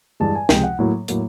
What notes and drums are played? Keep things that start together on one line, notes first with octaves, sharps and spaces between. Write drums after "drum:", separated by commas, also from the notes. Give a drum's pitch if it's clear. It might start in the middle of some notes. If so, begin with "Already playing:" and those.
G2 E3 G#3 A5
G#5
C#2 C3 F3 G#3 G5, drum: snare
F#5
A2 F#3 A#3
A2 F#3 A#3, drum: hi-hat